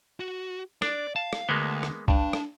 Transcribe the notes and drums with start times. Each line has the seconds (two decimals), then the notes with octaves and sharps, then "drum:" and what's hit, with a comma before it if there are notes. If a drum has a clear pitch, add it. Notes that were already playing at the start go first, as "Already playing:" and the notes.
0.20 F#4
0.82 D4 D5, drum: rim click
1.16 F5 A5
1.33 drum: rim click
1.49 D2 G#3 A#3 B3
1.83 drum: rim click
2.08 G2 D4, drum: kick C2
2.33 drum: rim click